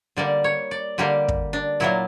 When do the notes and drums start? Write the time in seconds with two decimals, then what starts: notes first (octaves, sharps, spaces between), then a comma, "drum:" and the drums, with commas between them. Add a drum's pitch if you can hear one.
0.17 D3 G3 A#3 D5
0.44 C#5
0.71 D5
0.98 D3 G3 A#3 G4
1.28 drum: kick
1.53 D4
1.80 A#2 F#3 A#3 E4